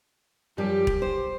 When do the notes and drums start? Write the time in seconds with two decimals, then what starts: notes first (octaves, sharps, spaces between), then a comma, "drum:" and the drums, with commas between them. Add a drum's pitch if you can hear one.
0.58 F#2 F3 G3 G4
0.87 drum: kick E1
1.02 C5